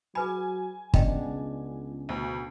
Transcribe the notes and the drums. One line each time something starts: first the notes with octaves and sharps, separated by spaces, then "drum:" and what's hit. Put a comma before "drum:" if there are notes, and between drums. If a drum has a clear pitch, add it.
F#3 G#4 B4 G#5 B5
C#2 C#3 B3 D4 D5 D#5 G5, drum: kick
D2 B2